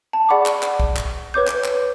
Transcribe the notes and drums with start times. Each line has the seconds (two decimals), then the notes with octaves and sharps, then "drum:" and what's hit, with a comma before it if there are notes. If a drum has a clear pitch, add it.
0.13 A5
0.29 G#4 D5 F#5 B5 C#6 D6
0.46 drum: clap
0.63 drum: clap
0.80 drum: kick
0.97 drum: clap
1.34 B4 C#5 D6 G6
1.47 drum: clap
1.64 drum: clap